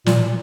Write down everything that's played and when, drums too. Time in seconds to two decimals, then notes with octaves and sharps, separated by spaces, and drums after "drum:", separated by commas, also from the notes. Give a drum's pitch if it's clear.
0.06 A#2, drum: snare